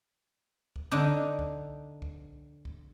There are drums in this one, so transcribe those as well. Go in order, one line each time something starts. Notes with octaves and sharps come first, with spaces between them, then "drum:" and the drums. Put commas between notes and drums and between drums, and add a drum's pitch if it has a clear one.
drum: kick C2
D3 D4 D#4
drum: kick C2
drum: kick C2
drum: kick C2